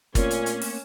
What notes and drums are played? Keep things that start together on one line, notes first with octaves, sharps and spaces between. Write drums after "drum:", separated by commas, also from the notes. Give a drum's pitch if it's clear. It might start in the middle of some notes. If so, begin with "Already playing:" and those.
A#2 A3 A#3 C4 C#4, drum: kick, hi-hat
drum: hi-hat
drum: hi-hat
drum: open hi-hat